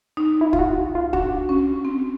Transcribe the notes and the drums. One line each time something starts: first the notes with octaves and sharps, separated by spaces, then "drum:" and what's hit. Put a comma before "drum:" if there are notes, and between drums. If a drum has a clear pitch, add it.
D#4
E4
F4, drum: kick
F#4
F4
D4 F#4, drum: kick
C#4
C4